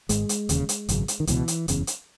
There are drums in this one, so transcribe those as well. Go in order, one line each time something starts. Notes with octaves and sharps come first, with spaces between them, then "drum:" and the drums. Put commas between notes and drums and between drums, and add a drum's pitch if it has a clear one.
G#1 G#2 G#3, drum: hi-hat
drum: hi-hat
E1 D#2 C#3, drum: hi-hat
drum: hi-hat
G#1 F#2 C#3, drum: hi-hat
drum: hi-hat
D#3
C#2 B2 E3, drum: hi-hat
drum: hi-hat
F#1 E2 C#3, drum: hi-hat
drum: hi-hat